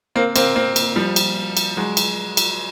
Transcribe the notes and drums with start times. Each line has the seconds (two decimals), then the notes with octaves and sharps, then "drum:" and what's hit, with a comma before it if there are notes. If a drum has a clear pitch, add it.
0.15 A#3 C4
0.36 A#3 C4, drum: cymbal
0.56 A#3 C4
0.76 drum: cymbal
0.96 F3 G3
1.16 drum: cymbal
1.57 drum: cymbal
1.77 F#3 G#3
1.97 drum: cymbal
2.37 drum: cymbal